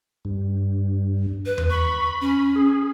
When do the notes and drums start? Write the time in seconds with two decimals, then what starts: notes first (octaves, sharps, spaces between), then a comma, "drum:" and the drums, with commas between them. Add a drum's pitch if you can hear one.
0.25 G2
1.46 B4
1.58 drum: tom E2
1.70 B5 C#6
2.21 C#4
2.55 G#4